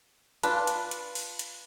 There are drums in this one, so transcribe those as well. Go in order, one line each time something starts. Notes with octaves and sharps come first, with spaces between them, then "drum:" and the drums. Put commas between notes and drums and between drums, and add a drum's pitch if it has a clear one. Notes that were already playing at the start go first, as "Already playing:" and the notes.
D4 F4 B4 A5, drum: hi-hat
drum: hi-hat
drum: hi-hat
drum: open hi-hat
drum: hi-hat